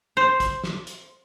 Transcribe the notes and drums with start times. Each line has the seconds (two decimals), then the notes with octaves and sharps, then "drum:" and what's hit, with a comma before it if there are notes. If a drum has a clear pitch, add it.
0.17 C5
0.40 drum: kick, hi-hat
0.64 drum: snare
0.87 drum: hi-hat